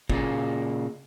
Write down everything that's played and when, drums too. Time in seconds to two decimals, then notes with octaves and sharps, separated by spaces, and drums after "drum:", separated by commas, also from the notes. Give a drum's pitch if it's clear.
0.10 A#2 C#3 A#3, drum: kick